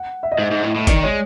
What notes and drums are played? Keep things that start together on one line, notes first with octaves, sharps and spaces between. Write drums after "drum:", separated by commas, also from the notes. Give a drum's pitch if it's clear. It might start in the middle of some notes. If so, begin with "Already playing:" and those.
Already playing: F#5
E5
D#5
G#2 E5
G#2
A2
A2
D#3 D5, drum: kick, hi-hat
G#3 C#5